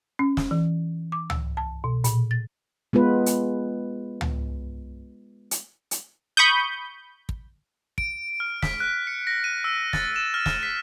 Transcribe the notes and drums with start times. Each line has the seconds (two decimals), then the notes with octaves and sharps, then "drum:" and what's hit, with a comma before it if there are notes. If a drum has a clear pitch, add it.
0.19 C#4
0.37 drum: snare
0.51 E3
1.12 D6
1.30 E6, drum: tom C#2
1.57 A5
1.84 B2
2.04 A#2, drum: hi-hat
2.31 A6
2.93 G#3 B3 F4 B4
3.26 drum: hi-hat
4.21 drum: tom C#2
5.51 drum: hi-hat
5.91 drum: hi-hat
6.37 B5 C#6 D#6 G6
7.29 drum: kick
7.98 D7, drum: kick
8.40 F6
8.62 B6, drum: snare
8.80 F#6
9.07 C#7
9.27 A#6
9.44 D#7
9.64 E6
9.93 A6, drum: snare
10.16 E7
10.34 F6
10.46 drum: snare
10.63 B6